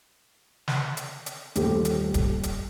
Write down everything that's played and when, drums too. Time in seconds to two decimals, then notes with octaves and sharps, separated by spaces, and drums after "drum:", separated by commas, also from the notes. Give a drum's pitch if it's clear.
0.68 drum: snare
0.97 drum: hi-hat
1.26 drum: hi-hat
1.55 D#1 A1 D#2 G4 A4 C5, drum: hi-hat
1.85 drum: hi-hat
2.14 drum: kick D1, hi-hat
2.43 drum: hi-hat